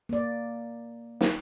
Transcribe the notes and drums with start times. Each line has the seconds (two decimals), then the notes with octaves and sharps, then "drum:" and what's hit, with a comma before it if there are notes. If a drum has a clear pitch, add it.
0.09 A#3 D5
1.21 drum: snare